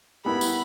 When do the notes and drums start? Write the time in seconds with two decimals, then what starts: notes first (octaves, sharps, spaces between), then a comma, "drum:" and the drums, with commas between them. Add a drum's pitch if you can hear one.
0.25 G3 B3 E4 A#4 B5
0.41 drum: tambourine